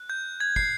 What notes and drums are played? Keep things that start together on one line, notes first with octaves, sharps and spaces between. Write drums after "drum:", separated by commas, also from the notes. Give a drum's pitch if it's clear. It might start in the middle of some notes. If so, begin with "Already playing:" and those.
Already playing: F#6
G6
G#6
C7, drum: kick